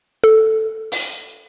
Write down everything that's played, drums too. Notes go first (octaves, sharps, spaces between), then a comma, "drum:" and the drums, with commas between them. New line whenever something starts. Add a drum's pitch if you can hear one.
A4
drum: open hi-hat